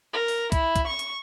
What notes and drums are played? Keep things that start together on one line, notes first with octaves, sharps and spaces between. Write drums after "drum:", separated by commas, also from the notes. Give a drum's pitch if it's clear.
A#4
drum: open hi-hat
E4, drum: kick C2, hi-hat
drum: kick C2, hi-hat
C#6
drum: hi-hat